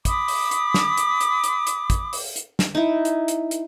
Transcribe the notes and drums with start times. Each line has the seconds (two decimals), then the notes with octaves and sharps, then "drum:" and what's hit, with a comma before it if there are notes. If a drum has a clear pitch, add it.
0.05 B5 D6 D#6, drum: kick, hi-hat
0.28 drum: open hi-hat
0.51 drum: hi-hat
0.74 drum: snare
0.97 drum: hi-hat
1.21 drum: hi-hat
1.44 drum: hi-hat
1.67 drum: hi-hat
1.90 drum: kick, hi-hat
2.13 drum: open hi-hat
2.36 drum: hi-hat
2.59 drum: snare
2.75 D#4 E4
3.05 drum: hi-hat
3.28 drum: hi-hat
3.51 drum: hi-hat